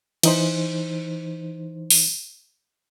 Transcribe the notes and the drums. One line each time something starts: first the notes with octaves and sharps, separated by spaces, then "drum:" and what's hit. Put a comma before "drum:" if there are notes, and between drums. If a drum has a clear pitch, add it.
E3 D#4 C5, drum: cymbal
drum: open hi-hat